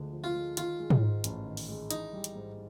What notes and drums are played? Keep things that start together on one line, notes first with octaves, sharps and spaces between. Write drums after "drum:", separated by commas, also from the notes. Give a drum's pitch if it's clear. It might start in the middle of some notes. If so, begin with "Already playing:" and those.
Already playing: D2 D3 F3 G#3
F3
F4
G#3
D#3 F4, drum: hi-hat
G#3
drum: tom
G#2
A1, drum: hi-hat
D#3
drum: open hi-hat
G#3
E3 D#4, drum: hi-hat
G3
drum: hi-hat
G#2